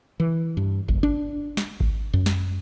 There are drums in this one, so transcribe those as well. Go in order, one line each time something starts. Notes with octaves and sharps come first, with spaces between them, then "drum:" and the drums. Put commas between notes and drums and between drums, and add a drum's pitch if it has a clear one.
E3
G2
F#1, drum: kick G#1
D4
drum: snare
drum: kick G#1
F#2
drum: snare